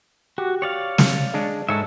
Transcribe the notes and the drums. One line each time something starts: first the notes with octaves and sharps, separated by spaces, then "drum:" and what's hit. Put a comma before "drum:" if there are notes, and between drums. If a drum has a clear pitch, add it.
F#4 G4
C#5 D5 F5
drum: snare
G#3 D4
G#2 G#3 A4 C#5 E5